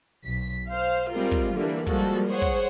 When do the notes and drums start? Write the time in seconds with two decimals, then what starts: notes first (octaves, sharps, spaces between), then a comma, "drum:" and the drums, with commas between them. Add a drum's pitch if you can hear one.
0.25 B1 B6
0.70 C5 F5
1.13 G3 G#3 C4 F4 A#4
1.31 drum: kick
1.54 D3 E3 G3 A#3 D4
1.87 F3 G3 G#3 A#3 F#4 A4, drum: kick
2.28 G#4 C5 C#5 F#5
2.42 drum: kick